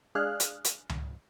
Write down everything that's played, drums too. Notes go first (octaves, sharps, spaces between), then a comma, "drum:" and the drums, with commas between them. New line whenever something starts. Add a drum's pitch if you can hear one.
G#3 D4 G#4 F5 F6 F#6
drum: hi-hat
drum: hi-hat
drum: tom C#2